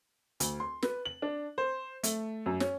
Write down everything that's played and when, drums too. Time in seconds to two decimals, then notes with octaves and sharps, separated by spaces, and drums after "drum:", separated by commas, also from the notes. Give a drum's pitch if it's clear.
0.40 D2, drum: hi-hat
0.60 C6
0.82 B4, drum: snare
1.05 F#7
1.22 D4
1.58 C5
2.03 A3, drum: hi-hat
2.46 F#2
2.60 C#4, drum: snare